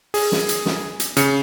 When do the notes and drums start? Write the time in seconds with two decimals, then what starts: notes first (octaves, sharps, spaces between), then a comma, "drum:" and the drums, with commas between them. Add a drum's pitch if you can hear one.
0.14 G#4, drum: open hi-hat
0.32 drum: snare
0.49 drum: hi-hat
0.66 drum: snare
1.00 drum: hi-hat
1.17 C#3 C#7, drum: hi-hat